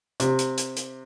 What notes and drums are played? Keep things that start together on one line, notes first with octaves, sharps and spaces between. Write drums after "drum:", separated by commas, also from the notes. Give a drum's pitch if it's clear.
C3, drum: hi-hat
drum: hi-hat
drum: hi-hat
drum: hi-hat